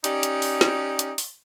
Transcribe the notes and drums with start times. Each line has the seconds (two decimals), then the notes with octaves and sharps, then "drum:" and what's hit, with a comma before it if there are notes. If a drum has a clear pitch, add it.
0.04 C#4 D#4 G4 D5, drum: hi-hat
0.23 drum: hi-hat
0.42 drum: open hi-hat
0.61 drum: snare
0.99 drum: hi-hat
1.18 drum: open hi-hat